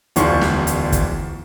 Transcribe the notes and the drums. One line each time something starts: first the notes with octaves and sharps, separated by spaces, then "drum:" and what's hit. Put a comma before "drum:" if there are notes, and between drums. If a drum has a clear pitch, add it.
D1 E2 F3 D5 C6 C#6, drum: hi-hat
drum: snare
drum: hi-hat
drum: kick, hi-hat